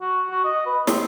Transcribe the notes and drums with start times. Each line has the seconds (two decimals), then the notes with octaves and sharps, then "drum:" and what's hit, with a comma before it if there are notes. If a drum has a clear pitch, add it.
0.01 F#4
0.30 F#4
0.44 D#5
0.66 B4
0.87 C4, drum: snare